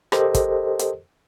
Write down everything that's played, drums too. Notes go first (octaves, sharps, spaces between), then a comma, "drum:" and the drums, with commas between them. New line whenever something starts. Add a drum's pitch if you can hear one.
G4 A4 A#4 C5 D#5, drum: rim click
drum: kick, hi-hat
drum: hi-hat